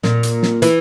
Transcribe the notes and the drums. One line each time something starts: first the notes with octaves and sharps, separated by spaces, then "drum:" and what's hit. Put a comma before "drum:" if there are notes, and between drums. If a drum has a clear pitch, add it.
A#2, drum: snare
drum: hi-hat
drum: snare
E3, drum: hi-hat